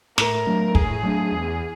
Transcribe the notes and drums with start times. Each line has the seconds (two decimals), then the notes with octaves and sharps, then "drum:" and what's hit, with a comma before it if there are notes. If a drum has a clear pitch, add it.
0.18 A2 A#4, drum: snare
0.47 F#3 A3 D4
0.75 A2 G#4, drum: kick
1.03 F#3 A3 D4
1.32 E2